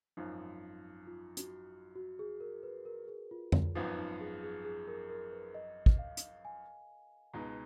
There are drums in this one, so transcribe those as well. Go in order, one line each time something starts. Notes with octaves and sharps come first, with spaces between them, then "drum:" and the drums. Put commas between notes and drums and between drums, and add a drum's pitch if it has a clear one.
G#1 F#2 F3 D#4
F4
F#4, drum: hi-hat
F#4
G#4
A#4
B4
A#4
G#4
F4
F4, drum: tom F2
G#1 F#2 F3 B3 D#4
D#4
G#4
G#4
G#4
A#4
A#4
B4
D#5
drum: kick
F5
drum: hi-hat
G#5
C#2 B2 G#3 D#4 A#5